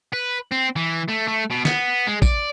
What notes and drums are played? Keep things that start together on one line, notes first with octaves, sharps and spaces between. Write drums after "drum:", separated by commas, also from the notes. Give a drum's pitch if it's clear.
B4
C4
E3
A3
A3
B2
B3, drum: snare
G#3
D5, drum: kick, tambourine